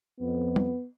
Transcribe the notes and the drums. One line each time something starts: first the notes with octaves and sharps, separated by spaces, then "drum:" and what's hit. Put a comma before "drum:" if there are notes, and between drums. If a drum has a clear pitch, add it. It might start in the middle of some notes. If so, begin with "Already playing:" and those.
F2 B3
drum: tom